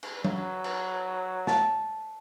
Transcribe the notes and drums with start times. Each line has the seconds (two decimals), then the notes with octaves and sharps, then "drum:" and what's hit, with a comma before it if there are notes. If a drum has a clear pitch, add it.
0.03 drum: cymbal
0.24 F#3, drum: tom F#3
0.64 drum: cymbal
1.47 A5, drum: snare